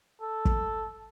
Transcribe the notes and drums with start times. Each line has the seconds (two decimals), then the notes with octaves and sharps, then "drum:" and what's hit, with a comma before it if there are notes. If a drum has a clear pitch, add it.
0.21 A4
0.45 drum: kick